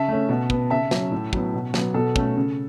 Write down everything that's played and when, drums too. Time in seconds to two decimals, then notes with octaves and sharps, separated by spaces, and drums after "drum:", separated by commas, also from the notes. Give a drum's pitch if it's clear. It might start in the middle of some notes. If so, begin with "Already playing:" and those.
Already playing: C#3 E5 A5
0.08 A3 C#4
0.29 B2
0.50 B3, drum: kick
0.70 C#3 E5 A5
0.91 F#3 C#4, drum: snare
1.12 A2
1.33 F#3 B3, drum: kick
1.54 B2
1.74 F#3 B3, drum: snare
1.94 B2 A4
2.16 A3 C#4, drum: kick
2.36 C#3